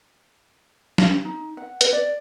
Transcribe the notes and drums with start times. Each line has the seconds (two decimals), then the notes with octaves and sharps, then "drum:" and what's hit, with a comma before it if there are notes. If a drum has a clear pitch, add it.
0.98 drum: snare
1.25 D#4
1.57 F#5
1.81 B4, drum: hi-hat
1.93 D5